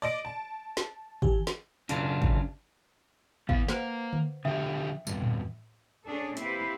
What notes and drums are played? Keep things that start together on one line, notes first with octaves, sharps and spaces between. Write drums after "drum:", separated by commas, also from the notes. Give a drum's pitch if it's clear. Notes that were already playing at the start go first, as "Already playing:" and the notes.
D5 D#5 D7
A5
drum: snare
E3 G4 G#5, drum: kick
drum: snare
F#2 C#3 D4 F4, drum: hi-hat
drum: kick
E3 B3 F5, drum: kick
A#3 B4 C5 F#5, drum: snare
drum: tom D3
D3 F3 G4 E5 G5 D#6
E2 G2, drum: tambourine
drum: tom A2
C#4 D4 G#4 A4
A#3 C4 E4 G4 B4 C5, drum: hi-hat